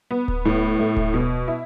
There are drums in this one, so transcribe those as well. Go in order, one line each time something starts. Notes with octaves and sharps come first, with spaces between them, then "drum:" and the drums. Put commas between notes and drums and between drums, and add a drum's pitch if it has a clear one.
B3
drum: kick D1
A2
A3
drum: kick D1
B2
E4